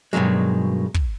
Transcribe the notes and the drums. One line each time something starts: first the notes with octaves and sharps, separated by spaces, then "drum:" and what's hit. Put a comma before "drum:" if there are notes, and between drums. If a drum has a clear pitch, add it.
G2 B2 D#3 F#3 G#3
drum: kick